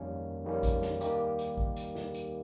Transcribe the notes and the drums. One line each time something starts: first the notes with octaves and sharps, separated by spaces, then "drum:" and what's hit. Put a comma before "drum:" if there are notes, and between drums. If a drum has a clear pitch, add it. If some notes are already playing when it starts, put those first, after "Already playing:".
Already playing: F2 D#3 G3 A#3 C#4
F2 D#3 G3 A#3 C#4
drum: kick, hi-hat
drum: snare
D#2 D#3 G3 A#3 D#4 G4, drum: hi-hat
drum: hi-hat
drum: kick
drum: hi-hat
drum: snare
drum: hi-hat